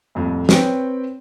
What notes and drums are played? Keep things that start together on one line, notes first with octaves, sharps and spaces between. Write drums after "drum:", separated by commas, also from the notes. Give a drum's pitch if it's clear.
C2 F2 A2
C4 B4 C#5 G5, drum: snare